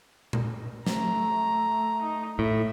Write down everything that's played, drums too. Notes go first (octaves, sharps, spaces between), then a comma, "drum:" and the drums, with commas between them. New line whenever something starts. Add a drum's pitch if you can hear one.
drum: tom A#2
A3 A#5, drum: snare
D#4
A2 E5